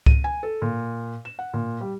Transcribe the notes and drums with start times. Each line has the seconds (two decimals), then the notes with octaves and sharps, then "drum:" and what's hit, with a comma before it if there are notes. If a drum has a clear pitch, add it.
0.06 D#7, drum: kick C#2
0.24 G#5
0.43 A4
0.62 A#2
1.25 E7
1.39 F#5
1.54 A#2
1.81 G3